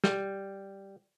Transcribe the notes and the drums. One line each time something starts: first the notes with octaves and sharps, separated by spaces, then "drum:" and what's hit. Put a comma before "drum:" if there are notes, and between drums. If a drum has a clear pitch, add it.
G3, drum: snare